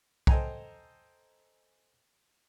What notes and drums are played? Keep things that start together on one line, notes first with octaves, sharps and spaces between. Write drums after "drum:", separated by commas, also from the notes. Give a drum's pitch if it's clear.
A4 C5 D#5 G5 G#5 A#5, drum: kick B1